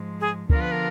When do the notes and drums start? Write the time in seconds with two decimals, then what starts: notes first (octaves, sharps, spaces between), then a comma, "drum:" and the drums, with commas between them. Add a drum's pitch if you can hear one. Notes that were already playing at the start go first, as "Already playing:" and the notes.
Already playing: G#2 F3 G#3
0.21 G#4
0.50 D3 F3 B3 D4 F4 A#4, drum: kick
0.61 B4
0.72 A#4